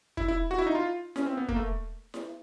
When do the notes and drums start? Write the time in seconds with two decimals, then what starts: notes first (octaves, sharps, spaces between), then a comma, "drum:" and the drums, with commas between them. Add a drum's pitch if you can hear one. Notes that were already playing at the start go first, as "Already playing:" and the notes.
0.17 E4, drum: kick
0.28 E4
0.51 F#4
0.58 E4
0.67 D#4
0.75 F4
1.16 C#4, drum: snare E4
1.26 C4
1.37 B3
1.48 A#3, drum: kick
1.56 A3
2.14 drum: snare E4